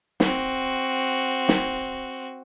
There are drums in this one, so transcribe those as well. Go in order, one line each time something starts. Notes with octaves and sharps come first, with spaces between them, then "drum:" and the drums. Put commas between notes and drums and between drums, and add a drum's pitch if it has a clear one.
C4 F#4, drum: snare
drum: snare